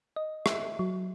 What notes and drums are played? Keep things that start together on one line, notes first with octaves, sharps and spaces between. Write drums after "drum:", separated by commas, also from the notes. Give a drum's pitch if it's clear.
D#5
E5, drum: rim click
F#3